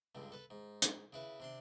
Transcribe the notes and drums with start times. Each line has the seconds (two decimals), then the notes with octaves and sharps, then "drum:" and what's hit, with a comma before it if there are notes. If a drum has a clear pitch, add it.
0.15 C#2 G2 D3
0.32 A4 B4
0.50 G#2
0.82 drum: hi-hat
1.13 C#3 E4 B4
1.40 C3 D4 C6